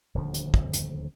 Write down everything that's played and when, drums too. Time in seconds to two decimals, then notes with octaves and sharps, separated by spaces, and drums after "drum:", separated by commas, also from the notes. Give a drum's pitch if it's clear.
0.15 D#1 D2 D3 F3
0.34 drum: hi-hat
0.54 drum: kick
0.73 drum: hi-hat